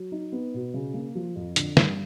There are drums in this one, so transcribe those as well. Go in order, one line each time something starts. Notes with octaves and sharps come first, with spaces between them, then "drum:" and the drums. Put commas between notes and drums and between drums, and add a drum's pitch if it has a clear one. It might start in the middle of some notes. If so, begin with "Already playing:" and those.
Already playing: F#3
D#4
B3
B2
C#3
A#3
F3
F2
D3, drum: hi-hat
G2, drum: snare